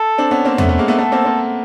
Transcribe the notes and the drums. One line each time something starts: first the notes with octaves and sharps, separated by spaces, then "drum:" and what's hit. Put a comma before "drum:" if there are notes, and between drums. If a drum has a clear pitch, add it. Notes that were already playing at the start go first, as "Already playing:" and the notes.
Already playing: A4
C4 D4
B3 C#4
A#3 C4
A3 B3, drum: tom E2
A3 B3
G#3 A#3
A3 B3
A3 B3 A4
A#3 C4
A#3 C4